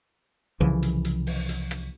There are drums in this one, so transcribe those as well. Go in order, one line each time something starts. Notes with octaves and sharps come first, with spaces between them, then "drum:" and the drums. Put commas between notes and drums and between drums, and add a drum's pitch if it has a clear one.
C2 C#3 E3 F3
drum: hi-hat
drum: hi-hat
drum: open hi-hat
drum: hi-hat
drum: rim click